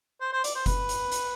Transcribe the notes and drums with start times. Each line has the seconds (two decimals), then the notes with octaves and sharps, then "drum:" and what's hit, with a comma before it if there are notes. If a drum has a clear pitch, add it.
0.21 C5
0.32 C5
0.44 D5, drum: hi-hat
0.55 C5
0.66 B4, drum: kick F#1, hi-hat
0.89 drum: hi-hat
1.12 drum: hi-hat